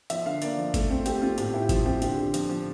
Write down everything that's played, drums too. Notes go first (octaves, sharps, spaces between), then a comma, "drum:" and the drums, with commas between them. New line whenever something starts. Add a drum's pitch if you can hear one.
F3 E5, drum: hi-hat
D3 F5
A#3 D5, drum: hi-hat
F3
A3, drum: kick G1, hi-hat
C4
A3 G4, drum: hi-hat
C4 F4
A2 G4, drum: hi-hat
E4 G4
F3 F4, drum: kick G1, hi-hat
C4 G4
D3 G4, drum: hi-hat
D3
F3, drum: hi-hat
F3